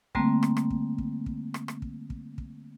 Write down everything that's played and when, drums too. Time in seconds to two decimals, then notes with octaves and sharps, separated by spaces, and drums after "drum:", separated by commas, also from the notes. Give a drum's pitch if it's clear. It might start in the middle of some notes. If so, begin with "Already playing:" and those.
0.15 D3 G3 A3 A#3 C4, drum: kick
0.43 drum: rim click
0.57 drum: rim click
0.70 drum: kick
0.98 drum: kick
1.26 drum: kick
1.54 drum: rim click
1.68 drum: rim click
1.82 drum: kick
2.10 drum: kick
2.38 drum: kick